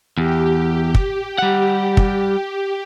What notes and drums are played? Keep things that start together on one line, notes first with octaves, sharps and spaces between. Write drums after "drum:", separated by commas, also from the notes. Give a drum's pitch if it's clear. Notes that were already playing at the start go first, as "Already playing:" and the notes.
E2 G4
drum: kick
G3 F#5
drum: kick